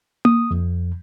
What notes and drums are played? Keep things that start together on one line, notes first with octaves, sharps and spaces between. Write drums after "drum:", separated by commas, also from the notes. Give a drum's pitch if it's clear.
D#6, drum: tom A#3
F2